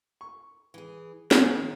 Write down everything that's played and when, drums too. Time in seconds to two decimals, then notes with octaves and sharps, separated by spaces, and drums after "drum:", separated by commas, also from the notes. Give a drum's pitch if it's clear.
0.21 C#6
0.74 E3 G#4
1.31 A3 G#4 F6, drum: snare
1.46 D#3 F3 F4 C#5